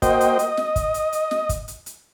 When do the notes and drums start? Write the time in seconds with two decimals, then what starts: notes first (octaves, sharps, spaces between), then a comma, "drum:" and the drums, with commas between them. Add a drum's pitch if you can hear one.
0.02 A#3 F#4 C5 D#5 G5, drum: kick, hi-hat
0.21 drum: hi-hat
0.39 D#5, drum: hi-hat
0.57 drum: snare
0.76 drum: kick, hi-hat
0.94 drum: hi-hat
1.13 drum: hi-hat
1.31 drum: snare
1.49 drum: kick, hi-hat
1.68 drum: hi-hat
1.86 drum: hi-hat